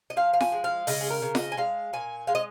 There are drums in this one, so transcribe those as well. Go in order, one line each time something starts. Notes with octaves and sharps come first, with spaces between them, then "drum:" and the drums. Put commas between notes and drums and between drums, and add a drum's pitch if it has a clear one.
D#5
F3 F5
F5
G#5, drum: snare F4
G#3
F5
C#3 D#5, drum: open hi-hat
G#4
A#4
C#3
D#5, drum: snare F4
G#5
G#3 F5
A#2 G#5
G#3 F5
D#5